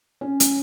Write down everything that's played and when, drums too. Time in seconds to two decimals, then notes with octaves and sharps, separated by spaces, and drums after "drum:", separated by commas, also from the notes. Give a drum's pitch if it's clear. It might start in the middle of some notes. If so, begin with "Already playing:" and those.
0.21 C#4
0.40 drum: hi-hat